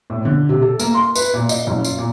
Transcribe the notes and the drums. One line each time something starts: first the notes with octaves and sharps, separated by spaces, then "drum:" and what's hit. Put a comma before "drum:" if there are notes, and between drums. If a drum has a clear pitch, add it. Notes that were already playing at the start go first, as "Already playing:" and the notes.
A2
D3
C3
A4
A#3, drum: tambourine
C6
B4, drum: tambourine
A#2
D#5, drum: tambourine
F#1
F4, drum: tambourine
A#2